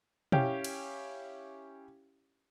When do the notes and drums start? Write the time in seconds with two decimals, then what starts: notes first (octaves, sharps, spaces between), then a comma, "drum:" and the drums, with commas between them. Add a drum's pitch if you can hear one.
0.32 C#4 E4 G4 F5 G5, drum: tom B2
0.64 drum: cymbal